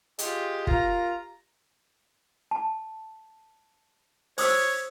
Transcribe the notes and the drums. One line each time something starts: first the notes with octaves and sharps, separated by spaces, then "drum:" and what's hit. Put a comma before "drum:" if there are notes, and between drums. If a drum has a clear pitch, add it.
G#3 F4 G4, drum: hi-hat
F4 A#4 A#5, drum: kick
A5
C5 C#5 D#6 E6, drum: open hi-hat